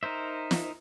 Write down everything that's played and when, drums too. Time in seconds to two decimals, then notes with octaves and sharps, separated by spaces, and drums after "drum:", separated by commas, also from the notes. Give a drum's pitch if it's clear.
0.03 D#4 A#4 C5 E5
0.51 drum: snare